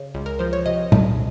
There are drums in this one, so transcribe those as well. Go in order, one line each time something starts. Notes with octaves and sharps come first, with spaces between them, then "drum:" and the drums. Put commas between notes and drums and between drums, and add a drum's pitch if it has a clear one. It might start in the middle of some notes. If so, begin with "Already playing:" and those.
Already playing: C#3
C#2
A#4
F3 C5
C#5
C3 D#5
C#2, drum: tom A#2